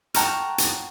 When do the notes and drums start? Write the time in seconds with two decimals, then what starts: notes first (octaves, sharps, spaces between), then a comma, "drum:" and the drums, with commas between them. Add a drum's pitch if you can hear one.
0.14 F#5 G5 A5 A#5 C#6 F6, drum: hi-hat
0.58 drum: hi-hat